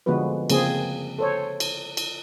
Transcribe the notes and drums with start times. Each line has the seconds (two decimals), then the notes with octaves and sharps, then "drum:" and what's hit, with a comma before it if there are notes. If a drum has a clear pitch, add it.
0.06 D3 F3 G#3 B3 F#4 B4
0.50 C#3 F3 A#3 C4 G#4, drum: cymbal
1.19 A4 C5 C#5
1.60 drum: cymbal
1.97 drum: cymbal